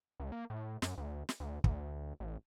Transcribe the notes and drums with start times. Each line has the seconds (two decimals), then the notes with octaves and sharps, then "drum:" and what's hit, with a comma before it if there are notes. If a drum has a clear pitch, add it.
0.20 C#2
0.32 A#3
0.50 A2
0.82 F#2, drum: snare
0.98 D2
1.29 drum: snare
1.40 D2
1.64 D2, drum: kick
2.20 A1